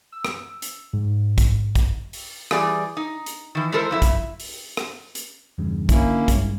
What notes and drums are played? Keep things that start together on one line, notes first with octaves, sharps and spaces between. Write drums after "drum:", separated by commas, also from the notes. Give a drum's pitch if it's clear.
E6
drum: rim click
drum: hi-hat
G#2
drum: kick, hi-hat
drum: kick, hi-hat
drum: open hi-hat
E3 G3 G#4 D5, drum: rim click
D#4
drum: hi-hat
D#3 E3
G#3 E4 A4 A#4 C5
F2 E4 E5
drum: kick, hi-hat
drum: open hi-hat
drum: rim click
drum: hi-hat
E2 G2 C#3
D3 A#3 C#4 E4, drum: kick, hi-hat
G2 G#3, drum: kick, hi-hat